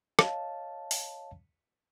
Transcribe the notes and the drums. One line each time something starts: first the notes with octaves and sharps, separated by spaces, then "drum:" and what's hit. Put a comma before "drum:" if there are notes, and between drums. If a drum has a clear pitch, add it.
C#5 D#5 F5 A5, drum: rim click
drum: open hi-hat